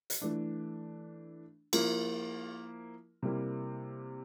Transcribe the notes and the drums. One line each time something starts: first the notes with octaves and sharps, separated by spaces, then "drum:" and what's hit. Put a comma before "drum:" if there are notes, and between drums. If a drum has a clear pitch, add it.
drum: hi-hat
E3 A3 D4
F3 A#3 E4, drum: cymbal
C3 G3 A#3 E4